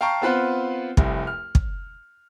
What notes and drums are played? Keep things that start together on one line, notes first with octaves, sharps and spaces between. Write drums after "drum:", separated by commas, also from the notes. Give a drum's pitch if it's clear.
F5 G5 A5 A#5 C#6
B3 C4 F4 B4 C5 F#5
F1 C2, drum: kick
F6
drum: kick